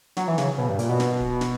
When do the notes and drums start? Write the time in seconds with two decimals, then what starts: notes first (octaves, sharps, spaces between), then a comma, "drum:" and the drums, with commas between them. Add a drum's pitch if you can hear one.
0.17 F#3, drum: snare
0.28 E3
0.38 C#3, drum: snare
0.58 B2
0.69 G2
0.79 A#2, drum: hi-hat
0.89 B2
1.00 drum: snare
1.20 drum: kick
1.41 drum: snare